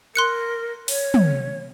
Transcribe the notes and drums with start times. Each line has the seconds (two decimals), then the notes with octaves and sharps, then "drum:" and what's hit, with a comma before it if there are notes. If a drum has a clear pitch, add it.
0.15 A#4 C6 F#6 C#7
0.88 C#5, drum: open hi-hat
1.14 drum: tom